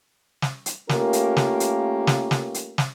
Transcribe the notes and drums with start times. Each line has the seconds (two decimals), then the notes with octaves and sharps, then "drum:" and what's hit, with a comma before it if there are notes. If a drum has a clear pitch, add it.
0.42 drum: snare
0.66 drum: hi-hat
0.89 A3 A#3 C#4 F4 G4 A#4, drum: snare
1.13 drum: hi-hat
1.37 drum: snare
1.60 drum: hi-hat
2.07 drum: snare
2.31 drum: snare
2.54 drum: hi-hat
2.78 drum: snare